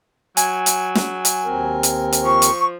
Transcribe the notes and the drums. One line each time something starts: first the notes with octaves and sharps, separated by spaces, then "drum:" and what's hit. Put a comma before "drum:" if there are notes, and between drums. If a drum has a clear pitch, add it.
F#3 G#5, drum: hi-hat
drum: hi-hat
drum: snare
drum: hi-hat
D#2 C4 A#4
drum: hi-hat
drum: hi-hat
F3 C#6
drum: hi-hat